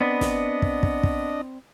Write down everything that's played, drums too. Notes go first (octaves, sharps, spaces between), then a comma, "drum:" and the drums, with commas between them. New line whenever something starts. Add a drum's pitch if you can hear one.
B3 C4 D4 D5 D#5 B5
drum: snare
drum: kick
drum: kick
drum: kick